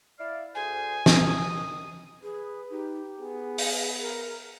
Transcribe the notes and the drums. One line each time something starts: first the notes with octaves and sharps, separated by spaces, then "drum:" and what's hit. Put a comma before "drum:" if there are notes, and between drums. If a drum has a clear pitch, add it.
E4 D5 F5
D2 G#4 C5 G#5
D#3 D#6, drum: snare
G#4 B4
D#4 G4
B3 G#4
F5, drum: open hi-hat
A#4